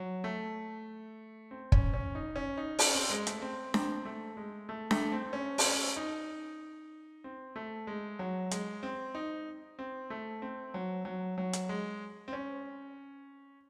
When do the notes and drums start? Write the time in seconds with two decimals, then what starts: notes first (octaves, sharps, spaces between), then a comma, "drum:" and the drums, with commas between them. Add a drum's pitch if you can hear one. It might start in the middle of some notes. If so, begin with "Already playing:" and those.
Already playing: F#3
0.24 A3
1.51 C4
1.72 C#4, drum: kick
1.94 C#4
2.15 D#4
2.36 C#4
2.57 D#4
2.79 C#4, drum: open hi-hat
2.95 C4
3.10 G#3
3.27 A3, drum: hi-hat
3.42 C4
3.74 C4, drum: snare D4
4.05 A3
4.37 G#3
4.69 A3
4.91 A3, drum: snare D4
5.12 C4
5.33 C#4
5.58 C4, drum: open hi-hat
5.65 C#4
5.97 D#4
7.24 C4
7.56 A3
7.87 G#3
8.19 F#3
8.51 G#3, drum: hi-hat
8.83 C4
9.15 D#4
9.79 C4
10.10 A3
10.42 C4
10.74 F#3
11.05 F#3
11.38 F#3
11.53 drum: hi-hat
11.69 G#3
12.28 C4
12.33 C#4